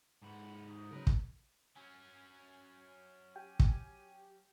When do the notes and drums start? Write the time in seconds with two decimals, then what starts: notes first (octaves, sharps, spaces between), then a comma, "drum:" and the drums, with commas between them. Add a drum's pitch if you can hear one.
0.22 G#2 B4 F#5
0.67 D#4
0.91 C#3 F#3 A#4 B4
1.07 drum: kick
1.76 F#3 C#4 G#5
3.36 G4 G5 G#5
3.60 drum: kick